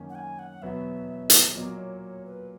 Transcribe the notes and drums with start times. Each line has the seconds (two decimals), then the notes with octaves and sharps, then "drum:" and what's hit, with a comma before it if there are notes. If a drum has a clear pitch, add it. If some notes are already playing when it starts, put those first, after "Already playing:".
Already playing: F#2 D#3 A#3 C#4
0.10 F#5
0.15 G#5
0.39 F#5
0.62 E2 B2 F#3 B3 E5
1.30 drum: hi-hat
1.55 A#2 F#3 A#3 D#5
1.78 C#5
2.02 C#5
2.25 B4